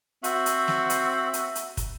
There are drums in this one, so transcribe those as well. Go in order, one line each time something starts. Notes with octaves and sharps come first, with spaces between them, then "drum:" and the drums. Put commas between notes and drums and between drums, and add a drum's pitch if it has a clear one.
C4 F#4 E5, drum: hi-hat
drum: hi-hat
drum: snare
drum: hi-hat
drum: hi-hat
drum: hi-hat
drum: kick, hi-hat